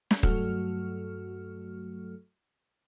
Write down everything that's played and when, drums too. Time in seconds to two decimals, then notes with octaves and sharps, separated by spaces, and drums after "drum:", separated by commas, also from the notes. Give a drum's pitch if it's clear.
0.11 drum: snare
0.23 G2 F#3 A3 F#4 A4 F6, drum: kick D#1